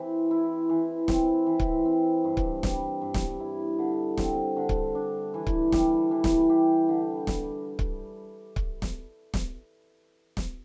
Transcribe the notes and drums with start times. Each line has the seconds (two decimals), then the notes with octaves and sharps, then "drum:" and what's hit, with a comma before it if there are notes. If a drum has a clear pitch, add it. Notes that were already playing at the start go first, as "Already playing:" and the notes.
Already playing: E3 C4 G4
0.31 E4
0.69 E3
1.08 C4, drum: snare
1.47 E3
1.60 drum: kick C#1
1.85 C4
2.24 G2
2.37 drum: kick C#1
2.63 G3, drum: snare
3.01 G2
3.14 drum: snare
3.40 E4
3.79 D3
4.17 C4, drum: snare
4.57 D3
4.69 drum: kick C#1
4.95 D4
5.34 E3
5.47 drum: kick C#1
5.72 G3, drum: snare
6.11 E3
6.24 drum: snare
6.50 G4
6.88 D3
7.27 drum: snare
7.79 drum: kick C#1
8.56 drum: kick C#1
8.82 drum: snare
9.34 drum: snare
10.37 drum: snare